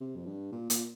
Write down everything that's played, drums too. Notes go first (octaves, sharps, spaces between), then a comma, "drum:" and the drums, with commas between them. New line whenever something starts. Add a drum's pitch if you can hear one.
C3
F2
G2
A#2
A#2, drum: hi-hat